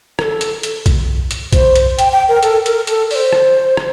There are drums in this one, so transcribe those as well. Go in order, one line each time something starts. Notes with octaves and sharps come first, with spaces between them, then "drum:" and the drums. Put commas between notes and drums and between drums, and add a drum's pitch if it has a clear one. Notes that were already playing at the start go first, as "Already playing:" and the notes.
A#4, drum: rim click
A4
drum: hi-hat
drum: hi-hat
drum: kick B1, hi-hat
drum: hi-hat
C5, drum: kick B1, hi-hat
drum: hi-hat
G5, drum: hi-hat
G5
A#4
A4, drum: hi-hat
A#4, drum: hi-hat
A4, drum: hi-hat
D5, drum: open hi-hat
C5
drum: rim click
drum: rim click